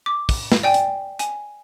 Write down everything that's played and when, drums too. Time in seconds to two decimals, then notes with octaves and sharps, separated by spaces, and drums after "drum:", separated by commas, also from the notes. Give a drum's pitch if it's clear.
0.06 D6
0.29 drum: kick, open hi-hat
0.52 drum: snare
0.63 D5 G5 G#5
0.74 drum: hi-hat
1.19 G#5, drum: hi-hat